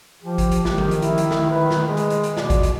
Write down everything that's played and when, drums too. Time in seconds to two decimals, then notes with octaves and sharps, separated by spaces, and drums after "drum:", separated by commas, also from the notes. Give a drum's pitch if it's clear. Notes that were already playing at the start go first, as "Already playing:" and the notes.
0.23 F3 G4
0.38 drum: kick G#1, hi-hat
0.51 drum: hi-hat
0.65 D#3, drum: snare
0.78 drum: tom F3
0.91 drum: hi-hat
1.02 E4, drum: hi-hat
1.18 drum: hi-hat
1.31 drum: snare
1.51 B4
1.71 drum: snare
1.88 G#3
1.97 drum: hi-hat
2.10 drum: hi-hat
2.24 drum: hi-hat
2.37 B2 D5, drum: snare
2.50 drum: kick G#1, hi-hat
2.63 drum: hi-hat